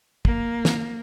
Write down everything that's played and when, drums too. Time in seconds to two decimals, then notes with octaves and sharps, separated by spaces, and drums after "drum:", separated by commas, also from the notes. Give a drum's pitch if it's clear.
0.25 A#3, drum: kick
0.65 drum: snare